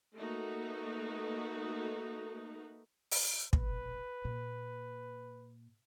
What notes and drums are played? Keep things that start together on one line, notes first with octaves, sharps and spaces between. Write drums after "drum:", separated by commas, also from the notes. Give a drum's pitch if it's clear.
A3 A#3 D#4 F#4 A4 B4
drum: open hi-hat
E1 A#1 B4, drum: kick
A#2